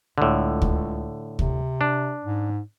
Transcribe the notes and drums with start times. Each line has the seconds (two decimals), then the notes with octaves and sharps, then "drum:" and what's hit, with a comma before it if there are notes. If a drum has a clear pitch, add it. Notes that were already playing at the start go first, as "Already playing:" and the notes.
0.18 C#2 A2 D3
0.62 drum: kick
1.39 C3, drum: kick
1.81 D4
2.25 G#2